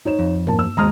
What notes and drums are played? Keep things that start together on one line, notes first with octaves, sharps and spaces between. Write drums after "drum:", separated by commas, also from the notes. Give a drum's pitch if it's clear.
D#4 C#5 E7
F2
A#3 A5, drum: tom G2
E6
D#2 G#3 D#5 A#5 D#6 F6